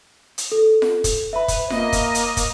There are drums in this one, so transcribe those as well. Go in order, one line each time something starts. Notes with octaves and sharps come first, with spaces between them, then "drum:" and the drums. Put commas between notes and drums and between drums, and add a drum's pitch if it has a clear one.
drum: hi-hat
A4
drum: snare F4
drum: kick, hi-hat
B4 E5 B5
drum: kick, hi-hat
A#3 D#5, drum: snare F4
drum: kick, hi-hat
drum: hi-hat
drum: kick, hi-hat